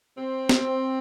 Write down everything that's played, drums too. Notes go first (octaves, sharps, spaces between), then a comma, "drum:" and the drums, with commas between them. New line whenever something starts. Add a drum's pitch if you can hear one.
C4
drum: snare